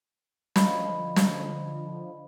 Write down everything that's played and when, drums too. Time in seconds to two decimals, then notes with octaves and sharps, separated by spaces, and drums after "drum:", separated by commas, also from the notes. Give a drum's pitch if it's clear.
0.56 D3 F3 D#5 B5, drum: snare
1.16 drum: snare